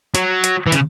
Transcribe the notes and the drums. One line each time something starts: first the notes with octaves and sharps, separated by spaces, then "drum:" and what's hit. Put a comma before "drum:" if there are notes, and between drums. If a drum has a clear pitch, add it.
F#3, drum: hi-hat
drum: hi-hat
E3
C#3, drum: hi-hat